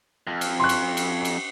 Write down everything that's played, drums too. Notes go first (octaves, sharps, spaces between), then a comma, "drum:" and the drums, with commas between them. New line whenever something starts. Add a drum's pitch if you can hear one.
F2
drum: cymbal
C6 C#6 F#6
drum: cymbal
drum: cymbal
drum: cymbal